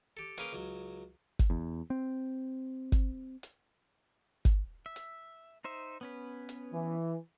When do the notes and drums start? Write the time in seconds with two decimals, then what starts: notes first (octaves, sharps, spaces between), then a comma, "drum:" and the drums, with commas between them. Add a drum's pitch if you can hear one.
0.17 G4 A4
0.38 A#3 C#4 G#4 B4 F5 G5, drum: hi-hat
0.53 C#2 F#3
1.39 drum: kick G#1, hi-hat
1.50 E2
1.90 C4
2.92 drum: kick G#1, hi-hat
3.43 drum: hi-hat
4.45 drum: kick G#1, hi-hat
4.86 E5
4.96 drum: hi-hat
5.64 D#4 C5 E5
6.01 B3 C#4 B4
6.49 drum: hi-hat
6.73 E3